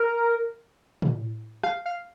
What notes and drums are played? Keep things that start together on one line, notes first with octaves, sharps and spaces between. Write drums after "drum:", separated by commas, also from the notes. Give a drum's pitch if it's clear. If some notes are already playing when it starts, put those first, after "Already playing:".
Already playing: A#4
drum: tom
F5, drum: rim click
F5